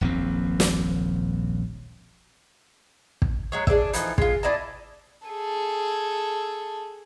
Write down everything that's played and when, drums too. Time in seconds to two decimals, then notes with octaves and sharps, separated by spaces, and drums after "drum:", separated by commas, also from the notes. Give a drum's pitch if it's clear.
0.01 D#1 A#1 F#2 C4
0.60 drum: snare
3.22 drum: kick
3.52 F#3 G#3 C#5
3.67 D4 G#4 D5 E5, drum: kick
3.93 E3 F3 A3 D#4, drum: hi-hat
4.18 G#3 F4, drum: kick
4.43 E4 D5 D#5 A5
5.28 G#4 A4